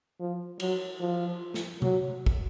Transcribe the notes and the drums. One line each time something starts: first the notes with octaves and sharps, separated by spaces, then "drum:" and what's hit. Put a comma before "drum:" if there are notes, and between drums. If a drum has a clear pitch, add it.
F3
F#3, drum: cymbal
F3
drum: snare
F#3, drum: tom C3
drum: kick